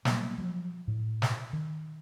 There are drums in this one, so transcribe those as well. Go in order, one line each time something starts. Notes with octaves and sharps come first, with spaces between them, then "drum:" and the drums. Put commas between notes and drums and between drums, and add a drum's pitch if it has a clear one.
F#3 G3 A#3 B3, drum: snare
F3 F#3
A2
drum: snare
D#3